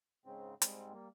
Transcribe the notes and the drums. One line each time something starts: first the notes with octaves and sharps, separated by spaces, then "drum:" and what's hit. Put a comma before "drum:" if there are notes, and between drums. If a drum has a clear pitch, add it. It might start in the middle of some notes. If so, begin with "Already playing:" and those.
G#2 C#3 C4
G#2 G3 G#3 C4, drum: hi-hat
G3 A#3